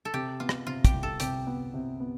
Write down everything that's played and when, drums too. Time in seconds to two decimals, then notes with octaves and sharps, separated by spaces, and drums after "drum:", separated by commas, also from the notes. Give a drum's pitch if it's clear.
0.05 A4
0.14 C3 G4
0.40 B3 F4
0.49 drum: rim click
0.67 C3 F4
0.85 G4, drum: kick, hi-hat
0.94 C2
1.03 A4
1.20 C3 G4, drum: hi-hat
1.47 B3
1.74 C3
2.00 B3